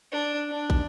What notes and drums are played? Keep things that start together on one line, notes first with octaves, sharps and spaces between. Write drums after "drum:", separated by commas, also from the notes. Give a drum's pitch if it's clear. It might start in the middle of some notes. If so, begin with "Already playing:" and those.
D4
D4
drum: kick